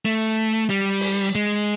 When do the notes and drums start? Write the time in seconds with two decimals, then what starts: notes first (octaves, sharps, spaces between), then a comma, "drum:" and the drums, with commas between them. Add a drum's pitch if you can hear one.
0.05 A3
0.70 G3
1.00 drum: open hi-hat
1.35 G#3